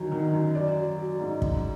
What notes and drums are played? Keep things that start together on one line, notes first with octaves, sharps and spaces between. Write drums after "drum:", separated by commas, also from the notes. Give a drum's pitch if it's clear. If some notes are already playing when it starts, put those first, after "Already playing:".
Already playing: D2 D#3 F#3
D#3
F#2
F#3 D5
F#3
F#3
G#2
F#2, drum: kick